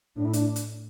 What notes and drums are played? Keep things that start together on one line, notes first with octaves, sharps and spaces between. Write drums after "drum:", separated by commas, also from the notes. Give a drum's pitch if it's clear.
A2 D4
E4
D4, drum: hi-hat
drum: hi-hat